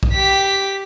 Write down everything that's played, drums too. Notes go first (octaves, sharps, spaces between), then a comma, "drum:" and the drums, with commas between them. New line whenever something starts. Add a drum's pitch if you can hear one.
drum: kick
G4 B6